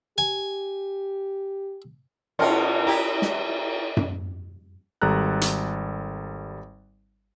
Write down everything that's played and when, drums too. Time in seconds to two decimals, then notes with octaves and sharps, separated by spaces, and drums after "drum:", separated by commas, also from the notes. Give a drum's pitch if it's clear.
0.18 G4 G#5
2.39 B2 C#4 A#4 G5 A5 C6, drum: cymbal
2.87 E4 G4 A#5
3.22 drum: snare
3.97 drum: tom F#2
5.02 G#1 G3 A4 A#5 F#6
5.41 drum: hi-hat